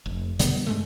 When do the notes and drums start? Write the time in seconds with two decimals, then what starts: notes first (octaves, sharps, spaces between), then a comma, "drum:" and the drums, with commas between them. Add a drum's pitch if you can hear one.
0.06 F1
0.39 B2 D3 G3 B3, drum: hi-hat
0.66 G2 G#3 A3